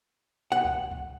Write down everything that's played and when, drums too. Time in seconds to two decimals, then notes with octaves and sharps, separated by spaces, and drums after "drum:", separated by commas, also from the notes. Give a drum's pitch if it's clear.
0.52 F#5
0.65 drum: kick C#2
0.91 drum: kick C#2